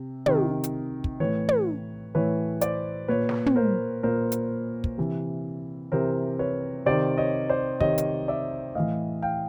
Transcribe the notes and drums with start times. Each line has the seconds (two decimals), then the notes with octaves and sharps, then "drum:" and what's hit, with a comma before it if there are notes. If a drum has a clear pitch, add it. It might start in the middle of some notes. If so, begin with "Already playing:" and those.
Already playing: C3
0.26 C3 D#3, drum: tom
0.64 drum: hi-hat
1.04 drum: kick
1.20 A2 E3 B4 C#5
1.49 drum: tom
2.15 A2 E3 B4 C#5
2.61 C5 D5, drum: hi-hat
3.08 A#2 B4 C#5
3.29 drum: snare
3.46 drum: tom
3.56 A#4 C5
4.03 A#2 A#4 C5
4.32 drum: hi-hat
4.84 drum: kick
4.98 C3 E3
5.92 C3 E3 A#4 C5
6.39 B4 C#5
6.86 C3 D#3 C5 D5
7.18 C#5 D#5
7.49 C5 D5
7.80 C3 D#3 C#5 D#5, drum: kick
7.98 drum: hi-hat
8.28 D5 E5
8.75 A2 E3 D#5 F5
9.22 F5 G5